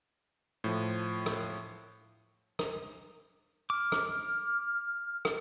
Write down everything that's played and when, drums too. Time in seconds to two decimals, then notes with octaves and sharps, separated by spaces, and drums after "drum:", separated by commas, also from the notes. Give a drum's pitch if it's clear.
0.64 A2 F3
1.26 drum: rim click
2.59 drum: rim click
3.70 D6 F6
3.92 drum: rim click
5.25 drum: rim click